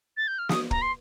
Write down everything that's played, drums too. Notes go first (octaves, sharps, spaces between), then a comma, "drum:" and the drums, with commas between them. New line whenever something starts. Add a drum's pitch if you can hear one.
A6
G6
F6
D#6, drum: snare
A#5, drum: kick
C6